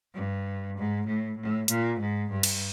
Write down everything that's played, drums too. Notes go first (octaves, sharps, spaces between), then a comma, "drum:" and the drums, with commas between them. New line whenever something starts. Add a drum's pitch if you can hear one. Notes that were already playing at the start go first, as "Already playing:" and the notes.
G2
G#2
A2
A2
A#2, drum: hi-hat
G#2
G2
drum: cymbal